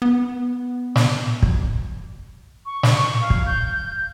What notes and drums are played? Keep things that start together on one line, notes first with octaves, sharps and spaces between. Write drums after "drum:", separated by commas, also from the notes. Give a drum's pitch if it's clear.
B3
drum: snare
drum: kick
C#6
drum: snare
F5
drum: kick
G6